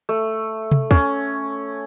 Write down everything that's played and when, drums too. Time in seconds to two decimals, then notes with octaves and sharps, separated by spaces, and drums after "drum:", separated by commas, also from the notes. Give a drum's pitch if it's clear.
0.09 A3
0.72 drum: tom C3
0.91 C#4, drum: kick